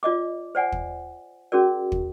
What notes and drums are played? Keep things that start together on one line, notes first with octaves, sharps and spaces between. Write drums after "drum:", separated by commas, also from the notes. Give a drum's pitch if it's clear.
F4 D5 D#5 D6
C5 D5 F#5 G#5
drum: kick
C#4 F#4 G#4 A#4 D5
drum: kick